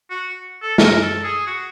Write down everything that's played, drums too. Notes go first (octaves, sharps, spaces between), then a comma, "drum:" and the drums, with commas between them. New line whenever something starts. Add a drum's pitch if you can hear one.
F#4
A4
A#4, drum: snare
A4
G#4
F#4